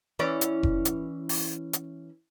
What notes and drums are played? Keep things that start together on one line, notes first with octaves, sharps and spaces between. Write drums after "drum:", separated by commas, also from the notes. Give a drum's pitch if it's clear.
E3 C#4 D5
drum: hi-hat
drum: kick F1
drum: hi-hat
drum: open hi-hat
drum: hi-hat